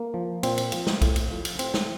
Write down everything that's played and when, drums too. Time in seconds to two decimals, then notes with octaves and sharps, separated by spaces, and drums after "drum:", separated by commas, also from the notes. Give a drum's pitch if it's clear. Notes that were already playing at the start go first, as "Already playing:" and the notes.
Already playing: A#3
0.14 F3
0.43 A#2 C4, drum: cymbal
0.58 drum: cymbal
0.72 F3, drum: cymbal
0.87 drum: snare
1.02 A2, drum: kick, cymbal
1.16 drum: cymbal
1.30 F3
1.45 drum: cymbal
1.59 A2 C4, drum: cymbal
1.74 drum: snare